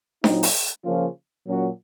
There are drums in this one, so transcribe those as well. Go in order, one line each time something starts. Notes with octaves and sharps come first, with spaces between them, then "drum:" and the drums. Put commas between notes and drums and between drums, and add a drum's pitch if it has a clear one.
A#2 F#3 C4 D#4, drum: snare D4
drum: open hi-hat
C#3 F3 A#3 C#4 F4
A#2 F#3 A#3 C#4 F#4